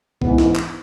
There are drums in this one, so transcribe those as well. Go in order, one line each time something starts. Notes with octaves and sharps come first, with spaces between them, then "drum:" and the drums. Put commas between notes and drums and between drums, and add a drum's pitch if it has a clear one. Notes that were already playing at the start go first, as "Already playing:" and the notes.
G#2 E3 B3, drum: kick
drum: snare
drum: clap